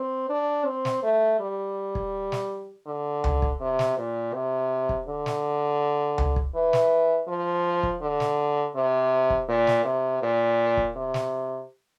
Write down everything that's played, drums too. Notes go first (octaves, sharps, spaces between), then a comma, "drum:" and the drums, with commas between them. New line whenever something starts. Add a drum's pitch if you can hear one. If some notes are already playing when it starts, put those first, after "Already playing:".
Already playing: C4
D4
C4
drum: snare
A3
G3
drum: kick
drum: snare
D3
drum: tom C#2
drum: kick
C3
drum: snare
A#2
C3
drum: kick
D3
drum: snare
drum: tom C#2
drum: kick
E3
drum: snare
F3
drum: kick
D3
drum: snare
C3
drum: kick
A#2
drum: snare
C3
A#2
drum: kick
C3
drum: snare